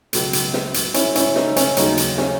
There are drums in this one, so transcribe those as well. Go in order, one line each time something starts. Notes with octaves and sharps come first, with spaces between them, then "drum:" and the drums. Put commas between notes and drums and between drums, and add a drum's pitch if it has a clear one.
C#2 B2 F#3, drum: hi-hat
drum: hi-hat
drum: snare
drum: hi-hat
C#4 E4, drum: hi-hat
C#4 E4, drum: hi-hat
D#4, drum: snare
C#4, drum: hi-hat
D#2 C#3 F#3 D#4, drum: hi-hat
drum: hi-hat
C#4, drum: snare